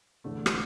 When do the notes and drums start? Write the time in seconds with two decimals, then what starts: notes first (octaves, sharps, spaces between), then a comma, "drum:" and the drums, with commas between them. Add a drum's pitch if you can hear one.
0.24 E2 D3 A3
0.46 drum: rim click